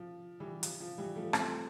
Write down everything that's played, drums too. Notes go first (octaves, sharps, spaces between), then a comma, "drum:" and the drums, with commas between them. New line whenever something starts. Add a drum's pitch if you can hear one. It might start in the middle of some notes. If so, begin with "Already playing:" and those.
Already playing: F3
E3 G3
F3, drum: hi-hat
F3
E3 G3
F3 A3
A3 C4, drum: rim click